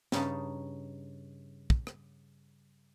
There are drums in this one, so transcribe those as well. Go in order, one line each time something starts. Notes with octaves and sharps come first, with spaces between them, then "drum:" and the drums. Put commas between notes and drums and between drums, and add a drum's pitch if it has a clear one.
G2 C#3 D#4 A5, drum: snare
drum: kick
drum: rim click